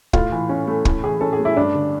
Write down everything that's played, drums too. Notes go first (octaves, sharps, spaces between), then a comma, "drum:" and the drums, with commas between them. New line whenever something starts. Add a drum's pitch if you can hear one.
A2 F4, drum: kick
E3
C#4
A3
A2, drum: kick
E3 G#4
C#4 A4
G#4
A3
E4
G2 D4
D3